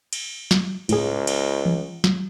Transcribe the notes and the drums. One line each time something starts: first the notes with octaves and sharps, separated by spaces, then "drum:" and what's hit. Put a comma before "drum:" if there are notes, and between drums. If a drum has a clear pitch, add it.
drum: cymbal
drum: snare
C#2 A2 G#4, drum: cymbal
drum: cymbal
drum: tom E3
drum: snare